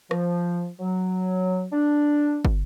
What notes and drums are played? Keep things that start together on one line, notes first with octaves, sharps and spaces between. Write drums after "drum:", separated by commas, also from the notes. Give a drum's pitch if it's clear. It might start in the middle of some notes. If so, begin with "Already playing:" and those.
F3, drum: rim click
F#3
D4
drum: kick